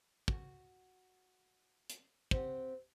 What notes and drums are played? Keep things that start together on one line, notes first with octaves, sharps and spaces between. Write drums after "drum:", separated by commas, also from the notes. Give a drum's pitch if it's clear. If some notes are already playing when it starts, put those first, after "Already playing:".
F#4, drum: kick
drum: hi-hat
C4 G4 F#5, drum: kick